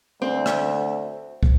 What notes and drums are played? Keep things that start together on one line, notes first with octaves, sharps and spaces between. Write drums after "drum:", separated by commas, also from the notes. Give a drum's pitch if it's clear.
D2 C4
drum: rim click
drum: kick